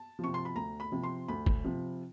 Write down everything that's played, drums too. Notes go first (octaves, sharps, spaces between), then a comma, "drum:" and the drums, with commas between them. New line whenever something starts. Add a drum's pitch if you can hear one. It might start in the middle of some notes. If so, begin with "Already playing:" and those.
Already playing: A5
C3 F3 C#6
C6
B5
D2 A#5
B5
C3 F3
C6
D2 B5
drum: kick
C3 F3